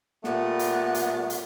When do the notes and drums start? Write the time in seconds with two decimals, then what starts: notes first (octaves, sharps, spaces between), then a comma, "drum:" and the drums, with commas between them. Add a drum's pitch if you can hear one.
0.24 A#2 G3 A3 B3, drum: snare
0.59 drum: hi-hat
0.95 drum: hi-hat
1.30 drum: hi-hat